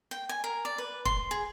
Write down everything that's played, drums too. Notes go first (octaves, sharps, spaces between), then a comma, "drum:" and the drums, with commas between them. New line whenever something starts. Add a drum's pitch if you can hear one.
G5
G#5
A#4
D5
B4
C6, drum: kick
G#4